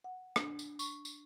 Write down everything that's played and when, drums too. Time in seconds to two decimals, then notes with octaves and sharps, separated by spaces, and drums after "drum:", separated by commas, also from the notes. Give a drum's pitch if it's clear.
0.04 F#5
0.36 D4, drum: rim click
0.59 drum: tambourine
0.79 C#6, drum: tambourine
1.05 drum: tambourine